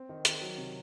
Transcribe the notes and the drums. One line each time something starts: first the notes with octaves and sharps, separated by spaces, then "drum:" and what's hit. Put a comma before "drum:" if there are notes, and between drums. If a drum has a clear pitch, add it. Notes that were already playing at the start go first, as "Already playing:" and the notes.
Already playing: C4
D#3
D#3, drum: hi-hat
F#3
C3